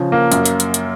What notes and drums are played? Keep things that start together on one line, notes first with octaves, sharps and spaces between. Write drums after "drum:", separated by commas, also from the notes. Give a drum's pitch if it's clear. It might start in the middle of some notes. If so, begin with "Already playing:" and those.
Already playing: C#3 F3
A#3
F#2, drum: hi-hat
drum: hi-hat
drum: hi-hat
drum: hi-hat